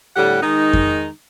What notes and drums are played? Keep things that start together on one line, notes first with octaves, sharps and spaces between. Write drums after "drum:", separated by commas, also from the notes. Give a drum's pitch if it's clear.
A2 D3 G3 G4 F#5
D#3 G#3 D#4
drum: kick F2